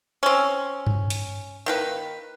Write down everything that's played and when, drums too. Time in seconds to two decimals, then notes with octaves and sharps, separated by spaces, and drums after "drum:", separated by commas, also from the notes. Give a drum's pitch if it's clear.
0.23 C4 C#4
0.87 drum: tom G2
1.10 drum: hi-hat
1.66 D#3 A#3 B4